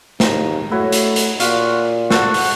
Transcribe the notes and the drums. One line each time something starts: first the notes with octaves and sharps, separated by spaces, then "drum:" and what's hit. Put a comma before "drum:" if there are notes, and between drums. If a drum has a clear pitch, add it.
D#2 A#5, drum: snare
A3 E4 F#4 C#5
drum: hi-hat
drum: hi-hat
A#2 F#4 F5 C6, drum: hi-hat
F#4 A4 C5 F#5, drum: snare
drum: open hi-hat